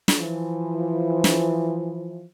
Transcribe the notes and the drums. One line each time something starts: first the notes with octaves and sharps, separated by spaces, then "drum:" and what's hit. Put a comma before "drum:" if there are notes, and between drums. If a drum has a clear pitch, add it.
drum: snare
E3 F3
drum: snare